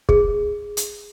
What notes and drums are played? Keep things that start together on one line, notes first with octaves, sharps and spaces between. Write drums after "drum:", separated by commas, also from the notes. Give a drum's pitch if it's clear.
G#4, drum: kick
drum: hi-hat